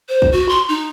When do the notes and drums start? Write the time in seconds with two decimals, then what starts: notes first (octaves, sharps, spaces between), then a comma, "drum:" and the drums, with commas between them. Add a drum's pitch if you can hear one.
0.09 C5
0.22 drum: kick
0.32 F#4
0.49 C6
0.69 D#4